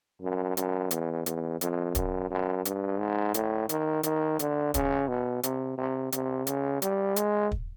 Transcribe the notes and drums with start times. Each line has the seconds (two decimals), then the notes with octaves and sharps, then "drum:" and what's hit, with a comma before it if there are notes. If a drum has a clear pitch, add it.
0.22 F#2
0.57 F#2, drum: hi-hat
0.91 E2, drum: hi-hat
1.26 E2, drum: hi-hat
1.61 F2, drum: hi-hat
1.95 F#2, drum: kick, hi-hat
2.30 F#2
2.65 G2, drum: hi-hat
2.99 G#2
3.34 A2, drum: hi-hat
3.69 D#3, drum: hi-hat
4.03 D#3, drum: hi-hat
4.39 D3, drum: hi-hat
4.74 C#3, drum: kick, hi-hat
5.08 B2
5.43 C3, drum: hi-hat
5.78 C3
6.12 C3, drum: hi-hat
6.47 C#3, drum: hi-hat
6.82 G3, drum: hi-hat
7.16 G#3, drum: hi-hat
7.51 drum: kick